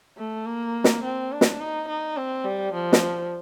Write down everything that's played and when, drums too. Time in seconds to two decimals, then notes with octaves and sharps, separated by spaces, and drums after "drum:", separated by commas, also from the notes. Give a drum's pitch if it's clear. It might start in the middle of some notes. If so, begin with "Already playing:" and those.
0.17 A3
0.46 A#3
0.84 drum: snare
1.04 C4
1.32 D4
1.41 drum: snare
1.60 D#4
1.88 D#4
2.17 C4
2.45 G3
2.74 F3
2.93 drum: snare